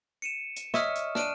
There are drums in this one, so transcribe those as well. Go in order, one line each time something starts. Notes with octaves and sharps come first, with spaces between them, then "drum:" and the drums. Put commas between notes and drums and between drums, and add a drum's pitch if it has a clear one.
C#7 D#7 E7
drum: hi-hat
C#5 D#5 E5 C#6 D#6 F6, drum: snare
drum: hi-hat
D4 F6 D7 D#7, drum: snare